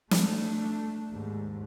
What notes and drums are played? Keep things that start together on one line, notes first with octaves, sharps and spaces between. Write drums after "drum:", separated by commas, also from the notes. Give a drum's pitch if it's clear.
A3 D4, drum: snare
D#2 G#2